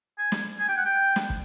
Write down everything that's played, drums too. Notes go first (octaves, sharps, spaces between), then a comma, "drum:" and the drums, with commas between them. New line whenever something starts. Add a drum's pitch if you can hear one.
G#5
drum: snare
G#5
G5
F#5
G5
drum: snare
drum: kick